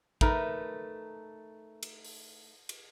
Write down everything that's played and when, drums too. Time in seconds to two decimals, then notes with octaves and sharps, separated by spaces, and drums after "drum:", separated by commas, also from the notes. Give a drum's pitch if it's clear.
0.21 A3 D#4 A#4 B4, drum: kick
1.83 drum: cymbal
2.05 drum: open hi-hat
2.69 drum: cymbal